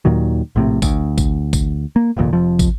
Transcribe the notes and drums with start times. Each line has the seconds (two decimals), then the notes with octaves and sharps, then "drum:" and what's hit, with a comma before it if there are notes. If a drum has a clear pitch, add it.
0.05 D#2 A#2 D#3 F#3
0.56 A#1 A2 C3
0.82 D2, drum: kick, tambourine
1.18 drum: kick, tambourine
1.53 drum: kick, tambourine
1.96 A#3
2.17 F1 A#1 D#2 A#2
2.33 F1 F2 F3
2.59 drum: kick, tambourine